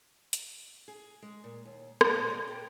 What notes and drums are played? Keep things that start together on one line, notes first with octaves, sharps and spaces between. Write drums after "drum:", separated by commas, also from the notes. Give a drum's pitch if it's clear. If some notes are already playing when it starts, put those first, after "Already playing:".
drum: hi-hat
G#4
G#3
A#2
D#2
G#3, drum: rim click
A#2
D5
G5